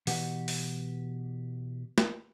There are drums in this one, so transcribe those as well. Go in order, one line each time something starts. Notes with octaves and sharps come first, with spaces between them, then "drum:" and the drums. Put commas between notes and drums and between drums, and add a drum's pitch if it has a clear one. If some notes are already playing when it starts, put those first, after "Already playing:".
B2 E3 G4 F#5, drum: open hi-hat
drum: open hi-hat
drum: snare